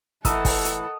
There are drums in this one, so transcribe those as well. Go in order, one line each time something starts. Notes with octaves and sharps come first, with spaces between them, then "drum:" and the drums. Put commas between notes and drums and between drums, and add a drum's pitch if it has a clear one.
A2 E3 A4 A#4 D#5 F#5 A5 E6, drum: kick, hi-hat
drum: kick, open hi-hat
drum: hi-hat